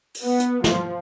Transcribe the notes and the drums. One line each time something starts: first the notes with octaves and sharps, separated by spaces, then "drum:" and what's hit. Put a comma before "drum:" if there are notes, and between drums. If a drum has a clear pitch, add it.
drum: open hi-hat
B3
drum: hi-hat
F3, drum: snare